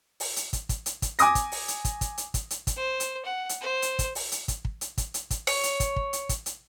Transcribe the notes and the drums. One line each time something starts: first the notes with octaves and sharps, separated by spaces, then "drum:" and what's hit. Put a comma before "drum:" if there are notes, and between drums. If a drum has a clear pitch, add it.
drum: open hi-hat
drum: hi-hat
drum: kick, hi-hat
drum: kick, hi-hat
drum: hi-hat
drum: kick, hi-hat
G#5 D6 D#6 A#6, drum: hi-hat
drum: kick, hi-hat
drum: open hi-hat
drum: hi-hat
drum: kick, hi-hat
drum: kick, hi-hat
drum: hi-hat
drum: kick, hi-hat
drum: hi-hat
drum: kick, hi-hat
C5
drum: hi-hat
F#5
drum: hi-hat
C5
drum: hi-hat
drum: kick, hi-hat
drum: open hi-hat
drum: hi-hat
drum: kick, hi-hat
drum: kick
drum: hi-hat
drum: kick, hi-hat
drum: hi-hat
drum: kick, hi-hat
C#5, drum: open hi-hat
drum: hi-hat
drum: kick, hi-hat
drum: kick
drum: hi-hat
drum: kick, hi-hat
drum: hi-hat